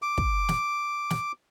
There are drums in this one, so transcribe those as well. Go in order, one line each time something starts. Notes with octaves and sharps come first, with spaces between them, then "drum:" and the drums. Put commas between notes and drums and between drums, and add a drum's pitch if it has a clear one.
D6
drum: kick
drum: snare
drum: snare